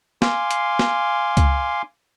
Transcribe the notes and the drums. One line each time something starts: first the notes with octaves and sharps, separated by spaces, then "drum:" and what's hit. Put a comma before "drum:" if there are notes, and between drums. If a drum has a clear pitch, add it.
F5 G#5 C6 D6, drum: snare
drum: hi-hat
drum: snare
drum: kick C#2, hi-hat